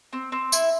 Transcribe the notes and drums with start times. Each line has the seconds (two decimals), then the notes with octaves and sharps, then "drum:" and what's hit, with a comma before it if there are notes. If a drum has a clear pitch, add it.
0.13 C4
0.32 C4
0.52 E4, drum: tambourine